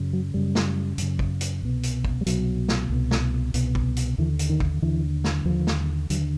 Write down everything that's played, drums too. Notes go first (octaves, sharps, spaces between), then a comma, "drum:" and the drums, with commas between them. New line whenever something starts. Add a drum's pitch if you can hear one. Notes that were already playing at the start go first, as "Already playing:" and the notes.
Already playing: F#2 C#3
F#3
F#2 C#3 G3
drum: snare
F#2 C#3, drum: hi-hat
drum: kick
drum: hi-hat
C2 B2
drum: hi-hat
drum: kick
G3
C2 B2 F#3, drum: hi-hat
drum: snare
C2 B2
drum: snare
C2 B2, drum: hi-hat
drum: kick
drum: hi-hat
D#2 D3 E3
drum: hi-hat
D#3
drum: kick
D#2 D3 E3
drum: snare
D#2 D3 F3
drum: snare
D#2 D3 F#3, drum: hi-hat